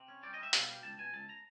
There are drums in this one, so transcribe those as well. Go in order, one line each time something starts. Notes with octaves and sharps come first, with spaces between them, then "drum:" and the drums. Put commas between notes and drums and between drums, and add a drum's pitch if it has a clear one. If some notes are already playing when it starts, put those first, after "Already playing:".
Already playing: C3
C#4
G3 D5
D#5
G3 E5
B2 F5, drum: hi-hat
G3
C#2 A5
B2 G#5
C#2 A5
A#5